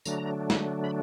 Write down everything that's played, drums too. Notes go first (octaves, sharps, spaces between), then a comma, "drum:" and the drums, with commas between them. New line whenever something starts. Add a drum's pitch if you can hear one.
D3 F#3 A3 D4 A#5, drum: tambourine
drum: snare
B5